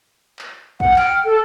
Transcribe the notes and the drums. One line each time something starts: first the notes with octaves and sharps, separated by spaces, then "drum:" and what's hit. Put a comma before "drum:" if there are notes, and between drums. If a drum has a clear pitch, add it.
drum: clap
F#5, drum: kick A#1
G5 F6, drum: clap
A4